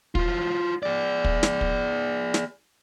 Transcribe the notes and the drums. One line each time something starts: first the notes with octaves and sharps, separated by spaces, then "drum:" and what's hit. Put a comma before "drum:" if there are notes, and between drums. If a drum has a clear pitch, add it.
F#3 F4, drum: kick
G#4 D5
drum: kick
drum: snare
drum: kick
drum: snare